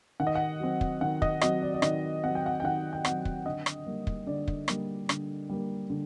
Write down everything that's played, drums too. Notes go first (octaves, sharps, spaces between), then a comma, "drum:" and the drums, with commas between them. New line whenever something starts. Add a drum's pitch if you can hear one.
D#3 F#5
D#5
F#5
F#3 C4
drum: kick
D#3 F#5
D#5, drum: kick
F#3 C4 D#5, drum: rim click
D5
D5
D#3 D#5, drum: rim click
F#3 C4 F#5
G5
F#5
G5
D#3 F#5
G5
F#3 C4 F#5, drum: rim click
drum: kick
D3 D#5
drum: rim click
G3 A#3
drum: kick
D3 D5
drum: kick
G3 A#3, drum: rim click
D3, drum: rim click
G3 A#3
D3